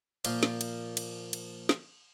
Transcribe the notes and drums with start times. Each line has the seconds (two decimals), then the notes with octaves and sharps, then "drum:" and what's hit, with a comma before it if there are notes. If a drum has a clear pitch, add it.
0.25 A#2 F3 F4, drum: cymbal
0.43 drum: snare
0.61 drum: cymbal
0.97 drum: cymbal
1.33 drum: cymbal
1.69 drum: snare